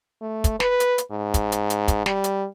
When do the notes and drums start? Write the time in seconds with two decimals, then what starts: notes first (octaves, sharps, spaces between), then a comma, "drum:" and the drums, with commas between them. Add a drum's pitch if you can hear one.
0.22 A3
0.44 drum: kick, hi-hat
0.60 B4, drum: snare
0.80 drum: hi-hat
0.98 drum: hi-hat
1.11 G#2
1.34 drum: kick, hi-hat
1.52 drum: hi-hat
1.70 drum: hi-hat
1.88 drum: kick, hi-hat
2.06 G3, drum: snare
2.24 drum: hi-hat